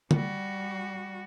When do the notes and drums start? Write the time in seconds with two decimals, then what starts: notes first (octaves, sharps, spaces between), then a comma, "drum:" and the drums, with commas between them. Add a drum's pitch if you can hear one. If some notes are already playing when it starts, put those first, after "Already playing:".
0.11 G3 F#4, drum: tom D3